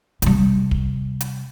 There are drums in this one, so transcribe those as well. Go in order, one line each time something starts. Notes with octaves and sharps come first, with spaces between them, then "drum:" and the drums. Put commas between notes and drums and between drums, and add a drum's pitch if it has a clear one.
C3 G3, drum: hi-hat
drum: kick
drum: hi-hat